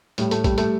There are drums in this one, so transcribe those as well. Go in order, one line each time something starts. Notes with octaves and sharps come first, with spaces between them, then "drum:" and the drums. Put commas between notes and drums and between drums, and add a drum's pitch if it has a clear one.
A2 G3, drum: hi-hat
A3, drum: hi-hat
G3 A3, drum: kick A#1, hi-hat
A3, drum: hi-hat